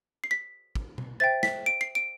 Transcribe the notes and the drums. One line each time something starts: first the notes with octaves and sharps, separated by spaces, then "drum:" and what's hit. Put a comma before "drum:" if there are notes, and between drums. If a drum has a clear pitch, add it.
C7
B6
drum: kick
drum: tom B2
C5 E5 G5 A6
B6, drum: snare
D7
C7
D7